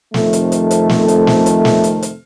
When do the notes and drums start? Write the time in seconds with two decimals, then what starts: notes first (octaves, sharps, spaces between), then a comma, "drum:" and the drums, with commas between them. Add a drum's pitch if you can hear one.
0.14 F2 C3 D#3 A3, drum: snare
0.33 drum: hi-hat
0.52 drum: hi-hat
0.71 drum: hi-hat
0.89 drum: snare
1.08 drum: hi-hat
1.27 drum: snare
1.46 drum: hi-hat
1.65 drum: snare
1.84 drum: hi-hat
2.02 drum: hi-hat